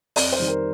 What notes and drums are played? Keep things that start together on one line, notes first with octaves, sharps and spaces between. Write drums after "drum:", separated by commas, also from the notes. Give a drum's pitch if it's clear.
F2 D5, drum: open hi-hat
C5
D#3 G3
A#4